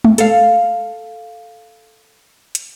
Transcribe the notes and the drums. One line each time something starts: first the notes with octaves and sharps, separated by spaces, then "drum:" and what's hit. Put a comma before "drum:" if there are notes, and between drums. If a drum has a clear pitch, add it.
drum: tom G#3
A4 F5, drum: hi-hat
drum: hi-hat